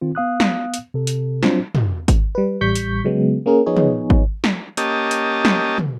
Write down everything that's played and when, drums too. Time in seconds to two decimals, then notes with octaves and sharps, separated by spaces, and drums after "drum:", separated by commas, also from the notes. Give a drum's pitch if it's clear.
0.01 D#3 C4 F4
0.15 B3 F5 D#6 F#6
0.40 drum: snare
0.74 drum: hi-hat
0.94 C3 A4
1.07 drum: hi-hat
1.43 F#3 C4 D4 F4 C5, drum: snare
1.75 drum: tom
2.08 drum: kick G#1, hi-hat
2.35 G3 B4
2.61 A1 G3 C#6 G6 B6
2.75 drum: hi-hat
3.04 C#3 F#3 G#3 B3
3.46 A#3 C#4 G#4 A#4
3.66 F3 B3 D#4 G#4 C#5
3.76 drum: tom
4.10 drum: kick G#1
4.44 drum: snare
4.77 A#3 C#4 G4 D#5 A5, drum: hi-hat
5.11 drum: hi-hat
5.45 drum: snare
5.78 drum: tom